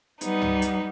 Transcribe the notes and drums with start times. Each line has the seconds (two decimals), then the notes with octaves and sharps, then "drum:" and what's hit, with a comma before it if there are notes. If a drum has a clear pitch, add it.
0.21 G3 B3 D#4, drum: hi-hat
0.42 drum: tom
0.62 drum: hi-hat